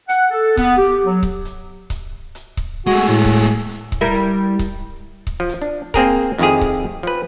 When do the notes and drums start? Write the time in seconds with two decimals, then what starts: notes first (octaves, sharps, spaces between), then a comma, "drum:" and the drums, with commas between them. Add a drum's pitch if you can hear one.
0.09 F#5, drum: hi-hat
0.30 A4
0.57 B3, drum: kick C#1, hi-hat
0.78 G4
1.04 F#3
1.23 drum: kick C#1
1.45 drum: hi-hat
1.90 drum: kick C#1, hi-hat
2.35 drum: hi-hat
2.57 drum: kick C#1
2.87 G#3 A3 F#4
3.08 A2
3.25 drum: kick C#1, hi-hat
3.70 drum: hi-hat
3.92 drum: kick C#1
4.01 G3 E4 A#4
4.14 drum: hi-hat
4.59 drum: kick C#1, hi-hat
5.27 drum: kick C#1
5.40 F3
5.49 drum: hi-hat
5.62 D4
5.94 A#3 C4 G#4 A#4, drum: kick C#1, hi-hat
6.38 F2 D#3 F3 E4 G4 G#4
6.61 drum: kick C#1
7.03 F3 B4